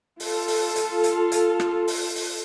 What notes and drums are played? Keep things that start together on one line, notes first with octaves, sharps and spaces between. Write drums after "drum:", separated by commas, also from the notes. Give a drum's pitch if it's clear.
F4 A4, drum: open hi-hat
drum: open hi-hat
drum: hi-hat
drum: hi-hat
drum: hi-hat
drum: rim click
drum: open hi-hat
drum: open hi-hat